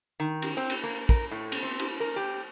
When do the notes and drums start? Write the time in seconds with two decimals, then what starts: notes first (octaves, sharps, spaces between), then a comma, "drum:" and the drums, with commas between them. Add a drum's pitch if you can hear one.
0.20 D#3
0.42 drum: cymbal
0.57 C4
0.70 drum: cymbal
0.83 A#3
1.09 A#4, drum: kick
1.31 A2
1.52 drum: cymbal
1.63 C4
1.79 drum: cymbal
2.00 A#4
2.16 G4